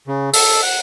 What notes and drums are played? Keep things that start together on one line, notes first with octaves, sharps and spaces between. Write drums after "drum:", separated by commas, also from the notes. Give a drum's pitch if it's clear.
C#3
A4, drum: open hi-hat
F#5